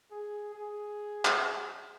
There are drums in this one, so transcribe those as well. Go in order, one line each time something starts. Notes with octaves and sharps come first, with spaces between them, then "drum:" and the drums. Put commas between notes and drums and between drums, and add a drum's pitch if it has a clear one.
G#4
G#4
drum: clap